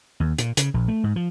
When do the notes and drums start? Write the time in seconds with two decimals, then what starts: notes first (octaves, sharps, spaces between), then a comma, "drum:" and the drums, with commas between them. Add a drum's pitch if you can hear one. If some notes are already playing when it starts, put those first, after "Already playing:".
0.20 D#2
0.38 A#2, drum: hi-hat
0.57 C#3, drum: hi-hat
0.74 A#1
0.88 A3
1.04 G#2
1.16 F3